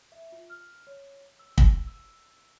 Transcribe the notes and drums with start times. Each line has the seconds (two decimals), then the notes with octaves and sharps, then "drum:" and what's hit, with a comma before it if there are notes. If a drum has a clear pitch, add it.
0.12 E5
0.32 F4
0.50 F6
0.87 C#5
1.39 E6
1.58 drum: kick
1.87 E6